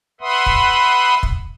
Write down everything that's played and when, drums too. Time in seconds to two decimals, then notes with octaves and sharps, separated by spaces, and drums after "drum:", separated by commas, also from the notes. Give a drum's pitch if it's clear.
0.21 B4 E5 F#5 B5 C6 D#6
0.46 drum: kick
1.23 drum: kick